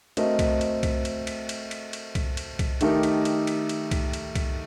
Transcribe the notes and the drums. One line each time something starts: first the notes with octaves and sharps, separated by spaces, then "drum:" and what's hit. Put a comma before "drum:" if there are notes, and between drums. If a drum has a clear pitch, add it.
A3 C4 F#4 A#4 D#5, drum: cymbal
drum: kick C2, cymbal
drum: cymbal
drum: kick C2, cymbal
drum: cymbal
drum: cymbal
drum: cymbal
drum: cymbal
drum: cymbal
drum: kick C2, cymbal
drum: cymbal
drum: kick C2, cymbal
D#3 A3 D#4 G4 A#4, drum: cymbal
drum: cymbal
drum: cymbal
drum: cymbal
drum: cymbal
drum: kick C2, cymbal
drum: cymbal
drum: kick C2, cymbal